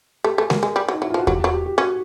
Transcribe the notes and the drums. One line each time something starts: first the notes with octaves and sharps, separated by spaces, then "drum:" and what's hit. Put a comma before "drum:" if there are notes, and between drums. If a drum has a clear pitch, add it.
A3 G4
A3 G#4
F#3 A#4, drum: snare G#3
G#3 G#4
G3
F#3
D#4
F#3 E4
F4
F3
F#4
F#3 G4, drum: kick E2
F#3 F#4
G4
G4
C#4 F#4